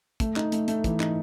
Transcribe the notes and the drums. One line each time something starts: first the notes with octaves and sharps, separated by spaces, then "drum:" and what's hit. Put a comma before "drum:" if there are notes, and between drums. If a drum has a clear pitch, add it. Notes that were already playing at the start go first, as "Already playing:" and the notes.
A3, drum: kick, hi-hat
D#4, drum: clap
A3, drum: hi-hat
A3, drum: hi-hat
E3, drum: kick, hi-hat
D#4, drum: clap